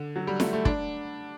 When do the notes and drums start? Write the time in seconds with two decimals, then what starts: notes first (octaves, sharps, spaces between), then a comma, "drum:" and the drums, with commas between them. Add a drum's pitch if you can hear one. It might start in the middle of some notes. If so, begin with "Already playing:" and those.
Already playing: D3
0.16 F#3
0.27 G3
0.40 A3, drum: snare
0.53 A3
0.65 D4, drum: kick